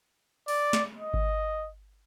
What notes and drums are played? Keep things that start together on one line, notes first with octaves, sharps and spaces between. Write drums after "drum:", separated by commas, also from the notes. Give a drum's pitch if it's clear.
D5, drum: open hi-hat
drum: snare
D#5
drum: kick G#1